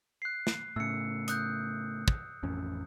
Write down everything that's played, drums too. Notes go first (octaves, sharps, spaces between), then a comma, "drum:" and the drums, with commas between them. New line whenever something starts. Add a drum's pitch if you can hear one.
F#6 C7
drum: snare
A2 C#3 E6 C#7
D#6 F#6 G6, drum: hi-hat
drum: kick
A1 F2 C#4